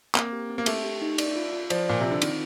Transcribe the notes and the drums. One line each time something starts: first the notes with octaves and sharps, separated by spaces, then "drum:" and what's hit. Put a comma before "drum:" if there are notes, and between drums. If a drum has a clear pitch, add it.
A#3 C4, drum: clap
G4
C4
A#3
A3 G4, drum: cymbal
G4
D#4
D5, drum: cymbal
F4
F4
F3 D5, drum: cymbal
A#2 D5
C3 F4
D3
D#3 C4, drum: cymbal